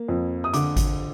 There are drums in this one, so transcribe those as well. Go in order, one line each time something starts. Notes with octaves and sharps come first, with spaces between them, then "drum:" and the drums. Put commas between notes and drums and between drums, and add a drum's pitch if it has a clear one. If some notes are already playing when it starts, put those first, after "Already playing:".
Already playing: A#3
F2
D#6
D3 D6, drum: hi-hat
drum: kick G#1, hi-hat